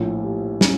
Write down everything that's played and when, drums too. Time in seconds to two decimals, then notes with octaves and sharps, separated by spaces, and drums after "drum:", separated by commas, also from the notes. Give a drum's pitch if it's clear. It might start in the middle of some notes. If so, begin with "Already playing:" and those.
Already playing: A#1 A2 F3 F4
0.24 G4
0.61 C#4, drum: snare